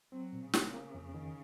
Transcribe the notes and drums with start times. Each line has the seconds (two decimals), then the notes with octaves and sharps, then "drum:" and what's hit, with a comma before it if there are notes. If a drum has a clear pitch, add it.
0.12 F#3 C4
0.33 A#2
0.54 C#3 A#3, drum: snare
0.74 A#3
0.95 F2
1.14 D#3